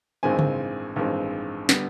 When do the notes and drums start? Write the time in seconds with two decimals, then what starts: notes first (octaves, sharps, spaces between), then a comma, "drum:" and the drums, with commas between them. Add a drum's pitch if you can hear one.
0.23 A1 G2 D#3 G#3 C4 G#5
0.39 drum: tom C#3
0.96 A1 G2 D#3 G#3 C4
1.69 D3 G3 B3, drum: snare